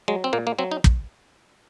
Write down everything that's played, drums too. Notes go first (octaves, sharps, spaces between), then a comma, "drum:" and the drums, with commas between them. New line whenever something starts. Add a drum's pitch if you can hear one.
F#3 G#3
C4
A#2 A#3
A#3
F#3 C4
D#4
drum: kick